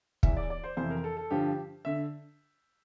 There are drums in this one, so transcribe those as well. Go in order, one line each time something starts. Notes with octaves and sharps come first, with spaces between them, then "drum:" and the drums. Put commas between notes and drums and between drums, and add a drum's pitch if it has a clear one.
E2 E3 E5, drum: kick
D5
D5
C5
F2 C3 E3 C5
A#4
A4
A4
G2 D3 F3 G4
D3 E5